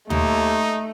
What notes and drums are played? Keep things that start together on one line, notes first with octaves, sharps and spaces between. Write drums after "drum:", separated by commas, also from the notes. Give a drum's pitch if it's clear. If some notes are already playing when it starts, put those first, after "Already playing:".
D#2 A3 D#4, drum: tom